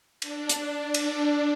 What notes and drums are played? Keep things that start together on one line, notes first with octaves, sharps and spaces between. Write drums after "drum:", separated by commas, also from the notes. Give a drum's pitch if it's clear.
D4, drum: cymbal
drum: hi-hat
D4, drum: cymbal